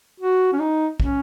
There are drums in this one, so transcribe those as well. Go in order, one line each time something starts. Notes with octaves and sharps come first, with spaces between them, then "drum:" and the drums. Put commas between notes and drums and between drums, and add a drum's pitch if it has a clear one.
F#4
C#4
D#4
C#4, drum: kick